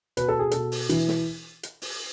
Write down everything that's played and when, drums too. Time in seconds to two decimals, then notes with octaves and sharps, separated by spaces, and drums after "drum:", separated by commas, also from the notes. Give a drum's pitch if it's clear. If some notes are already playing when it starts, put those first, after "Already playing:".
0.17 B2 B4, drum: hi-hat
0.29 A4
0.39 G#4
0.51 B2 A4, drum: hi-hat
0.72 drum: open hi-hat
0.89 E3, drum: hi-hat
1.08 drum: snare
1.63 drum: hi-hat
1.82 drum: open hi-hat